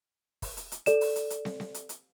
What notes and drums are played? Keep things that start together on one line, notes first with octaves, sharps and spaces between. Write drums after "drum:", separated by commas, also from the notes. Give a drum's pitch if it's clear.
drum: kick, open hi-hat
drum: hi-hat
drum: hi-hat
A4 D5 E7, drum: hi-hat
drum: open hi-hat
drum: hi-hat
drum: hi-hat
drum: snare
drum: snare
drum: hi-hat
drum: hi-hat